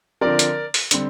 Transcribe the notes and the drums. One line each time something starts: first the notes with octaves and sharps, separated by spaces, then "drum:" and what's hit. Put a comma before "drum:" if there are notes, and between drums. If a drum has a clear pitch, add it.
D3 F3 C4 A#4 D5
drum: hi-hat
drum: open hi-hat
D3 G3 C4, drum: hi-hat